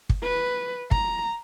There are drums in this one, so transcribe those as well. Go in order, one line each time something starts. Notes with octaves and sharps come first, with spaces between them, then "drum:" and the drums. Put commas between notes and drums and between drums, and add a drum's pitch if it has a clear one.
drum: kick
B4
A#5, drum: kick